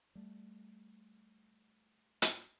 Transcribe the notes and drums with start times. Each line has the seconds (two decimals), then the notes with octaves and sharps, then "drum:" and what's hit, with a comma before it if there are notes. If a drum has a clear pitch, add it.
0.15 G3 A3
2.22 drum: hi-hat